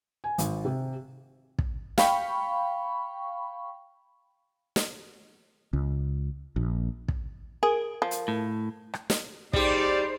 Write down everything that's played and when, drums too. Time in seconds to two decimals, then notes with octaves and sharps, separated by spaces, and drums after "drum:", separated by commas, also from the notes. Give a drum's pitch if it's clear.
0.24 G#5
0.38 G#1, drum: hi-hat
0.65 C3
1.59 drum: kick
1.98 F5 G5 B5 C#6, drum: snare
4.76 drum: snare
5.73 C#2
6.56 A#1
7.08 drum: kick
7.63 G#4 A#4
8.02 F3
8.11 drum: hi-hat
8.28 A2
8.94 drum: rim click
9.10 drum: snare
9.53 G3 D#4 G4 G#4 C5 D5, drum: kick